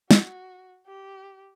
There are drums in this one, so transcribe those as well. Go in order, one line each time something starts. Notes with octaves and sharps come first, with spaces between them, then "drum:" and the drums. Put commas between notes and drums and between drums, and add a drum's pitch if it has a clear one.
F#4, drum: snare
G4